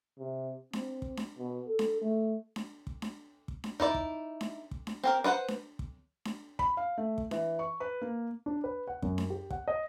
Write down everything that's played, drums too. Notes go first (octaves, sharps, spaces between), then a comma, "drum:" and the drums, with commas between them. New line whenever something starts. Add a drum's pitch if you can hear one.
C3
C4, drum: snare D4
drum: kick
drum: snare D4
B2
A4
drum: snare D4
A3
drum: snare D4
drum: kick
drum: snare D4
drum: kick
drum: snare D4
D#4 E4 D5, drum: tom E2
drum: kick
drum: snare D4
drum: kick
drum: snare D4
C4 G4 A#4
D4 B4 C5 F#5
drum: snare D4
drum: kick
drum: snare D4
B5, drum: kick
F5
A3
drum: kick
E3, drum: snare D4
C#6
B4
A#3
D4
B4
F#5
F#2, drum: kick
drum: snare D4
G4
F#5, drum: kick
D#5